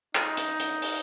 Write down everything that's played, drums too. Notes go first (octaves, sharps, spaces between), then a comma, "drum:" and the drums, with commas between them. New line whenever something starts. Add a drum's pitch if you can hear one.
D#4, drum: clap
drum: hi-hat
drum: hi-hat
drum: open hi-hat